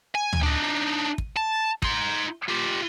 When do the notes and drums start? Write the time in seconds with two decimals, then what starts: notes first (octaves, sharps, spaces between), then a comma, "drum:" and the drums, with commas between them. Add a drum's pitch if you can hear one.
0.15 G#5
0.33 drum: tom
0.43 D4 D#4
1.18 drum: kick
1.36 A5
1.82 D#4 C6, drum: kick
2.48 F4 G4